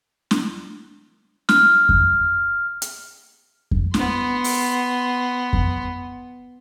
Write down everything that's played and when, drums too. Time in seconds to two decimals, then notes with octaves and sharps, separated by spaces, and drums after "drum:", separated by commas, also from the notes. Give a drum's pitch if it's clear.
0.31 drum: snare
1.49 F6, drum: snare
1.89 drum: kick F2
2.82 drum: hi-hat
3.71 drum: kick F2
3.94 B3 C6, drum: snare
4.44 drum: open hi-hat
5.53 drum: kick F2